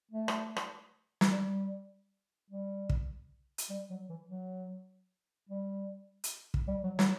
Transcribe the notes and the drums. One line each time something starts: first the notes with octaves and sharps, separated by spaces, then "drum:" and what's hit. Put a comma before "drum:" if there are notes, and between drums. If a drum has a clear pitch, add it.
A3
drum: rim click
drum: rim click
drum: snare
G3
G3
drum: kick
drum: hi-hat
G3
F#3
E3
F#3
G3
drum: hi-hat
drum: kick
G3
F#3
F#3, drum: snare